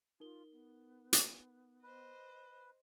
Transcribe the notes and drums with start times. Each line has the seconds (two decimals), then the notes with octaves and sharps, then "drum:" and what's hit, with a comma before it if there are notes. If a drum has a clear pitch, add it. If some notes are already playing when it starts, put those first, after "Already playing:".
0.20 D#4 F4 A#4 G7
0.52 B3
1.13 drum: hi-hat
1.83 B4 C5 D#5